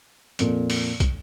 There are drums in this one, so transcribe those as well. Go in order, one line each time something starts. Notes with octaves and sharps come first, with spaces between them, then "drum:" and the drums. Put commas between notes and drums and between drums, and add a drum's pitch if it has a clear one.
F2 A#2, drum: hi-hat
drum: open hi-hat
drum: kick, hi-hat